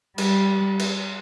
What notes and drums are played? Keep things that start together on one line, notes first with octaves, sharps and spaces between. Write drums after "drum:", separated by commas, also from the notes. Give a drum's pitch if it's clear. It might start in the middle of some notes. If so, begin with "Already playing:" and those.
G3, drum: cymbal
drum: cymbal